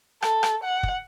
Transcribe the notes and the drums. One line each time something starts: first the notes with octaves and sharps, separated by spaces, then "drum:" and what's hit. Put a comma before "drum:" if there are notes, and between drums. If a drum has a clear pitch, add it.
A4, drum: rim click
drum: rim click
F#5
drum: kick